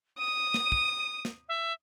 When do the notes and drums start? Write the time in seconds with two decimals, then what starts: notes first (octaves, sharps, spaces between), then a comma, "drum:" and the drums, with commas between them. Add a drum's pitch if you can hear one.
0.19 D#6 D#7
0.54 drum: snare
0.72 drum: kick
1.25 drum: snare
1.49 E5